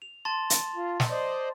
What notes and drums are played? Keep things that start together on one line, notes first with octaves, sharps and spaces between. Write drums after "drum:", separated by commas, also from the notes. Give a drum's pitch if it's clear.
F7
A5 C6 A6
drum: hi-hat
F4
drum: snare
C5 D5 D#5